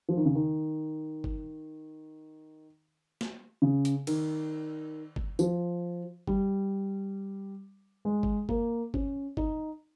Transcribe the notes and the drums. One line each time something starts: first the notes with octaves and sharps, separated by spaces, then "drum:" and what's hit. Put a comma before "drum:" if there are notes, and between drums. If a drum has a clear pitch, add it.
F3
D#3
C#3
D#3
drum: kick G1
drum: snare
C#3
drum: hi-hat
D#3, drum: cymbal
drum: kick G1
F3, drum: tambourine
G3, drum: kick G1
G#3
drum: kick G1
A#3, drum: kick G1
C#4, drum: kick G1
D#4, drum: kick G1